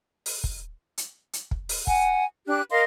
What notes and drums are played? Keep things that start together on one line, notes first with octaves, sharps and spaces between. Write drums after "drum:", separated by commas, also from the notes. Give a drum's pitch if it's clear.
drum: open hi-hat
drum: kick
drum: hi-hat
drum: hi-hat
drum: kick
drum: open hi-hat
F#5 G#5, drum: kick
D4 G4 F#6
A#4 D#5 F5 C6